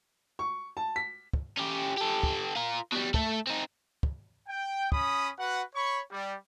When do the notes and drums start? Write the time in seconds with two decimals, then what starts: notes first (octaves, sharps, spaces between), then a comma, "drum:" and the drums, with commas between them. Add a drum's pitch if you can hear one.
0.39 C#6
0.77 A5
0.96 B6
1.33 drum: kick
1.57 C#4 G4
1.97 G4 A4
2.23 drum: kick
2.56 F4 A#4
2.92 B2 G3
3.14 A3 A4, drum: kick
3.47 C4 D#4
4.03 drum: kick
4.47 G5
4.92 C#4 B5 D#6, drum: kick
5.38 F#4 B4 F#5
5.75 C#5 B5 C#6
6.10 G3